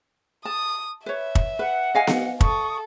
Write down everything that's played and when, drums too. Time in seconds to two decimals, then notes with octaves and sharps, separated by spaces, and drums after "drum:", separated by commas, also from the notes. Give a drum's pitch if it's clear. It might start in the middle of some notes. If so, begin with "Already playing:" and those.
0.45 A5 D#6
1.06 B4 C#5 E5
1.35 drum: kick
1.59 B4 F#5
1.95 D#5 F5 G#5
2.07 drum: snare B3
2.41 A4 C#6 D#6, drum: kick